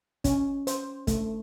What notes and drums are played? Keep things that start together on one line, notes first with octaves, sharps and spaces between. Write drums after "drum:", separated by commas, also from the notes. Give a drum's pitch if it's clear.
C#4, drum: kick, hi-hat
C5, drum: hi-hat
A3, drum: kick, hi-hat